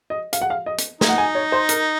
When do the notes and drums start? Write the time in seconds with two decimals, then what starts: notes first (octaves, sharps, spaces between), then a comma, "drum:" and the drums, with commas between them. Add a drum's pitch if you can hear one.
0.10 D#5
0.33 F5, drum: hi-hat
0.42 F#5
0.50 F5
0.66 D#5
0.78 drum: hi-hat
1.01 D#4, drum: snare
1.09 F#5
1.18 G#5
1.35 C#5
1.52 C5
1.69 A#4, drum: hi-hat